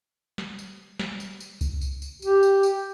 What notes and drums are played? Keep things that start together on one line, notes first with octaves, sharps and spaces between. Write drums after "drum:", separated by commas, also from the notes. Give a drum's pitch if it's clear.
drum: snare
drum: tambourine
drum: snare
drum: tambourine
drum: tambourine
drum: kick C2, tambourine
drum: tambourine
drum: tambourine
G4, drum: tambourine
drum: tambourine
drum: tambourine